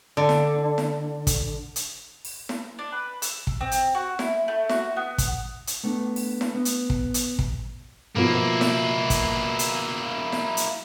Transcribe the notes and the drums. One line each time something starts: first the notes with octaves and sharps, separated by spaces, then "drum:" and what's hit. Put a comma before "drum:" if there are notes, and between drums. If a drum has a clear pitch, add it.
D3
drum: snare E4
drum: snare E4
drum: kick, hi-hat
drum: hi-hat
drum: open hi-hat
drum: snare E4
D4
B4
E6, drum: hi-hat
drum: kick
C4
drum: hi-hat
F#4
E4, drum: snare E4
A3
F#4, drum: snare E4
B3
drum: kick, hi-hat
drum: hi-hat
A3 B3 D4
drum: open hi-hat
drum: snare E4
B3
drum: hi-hat
drum: kick
drum: hi-hat
drum: kick
B2 F3 A#3 E4
drum: snare E4
drum: kick, hi-hat
drum: hi-hat
drum: snare E4
drum: hi-hat